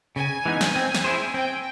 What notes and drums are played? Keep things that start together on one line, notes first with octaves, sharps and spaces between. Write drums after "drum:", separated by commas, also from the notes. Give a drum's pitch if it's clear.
C#3 G#5
E3 G#3 B3 D#4
drum: snare
C4
drum: snare
E4 G#4 C5
C4 G5